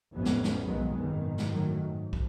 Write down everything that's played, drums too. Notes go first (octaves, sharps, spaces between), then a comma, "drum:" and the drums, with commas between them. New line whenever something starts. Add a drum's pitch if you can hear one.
A1 F2 A3 B3 C#4
drum: snare
drum: snare
B1 F2 D#3 F#3 G#3 B3
G#1 F#2 B2 D#3
drum: snare
F#2 A2 D#3 F#3 A3
G#2
drum: kick